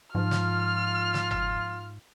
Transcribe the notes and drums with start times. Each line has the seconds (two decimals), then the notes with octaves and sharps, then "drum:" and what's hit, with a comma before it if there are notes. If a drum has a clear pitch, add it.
0.15 G#2 F3 F4 F6
0.31 drum: snare
1.14 drum: snare
1.31 drum: tom G1